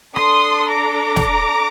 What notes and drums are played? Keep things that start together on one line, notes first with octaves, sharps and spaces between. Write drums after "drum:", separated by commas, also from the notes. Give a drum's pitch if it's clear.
D4 A4 C6 D#6, drum: rim click
A#5 D6
drum: snare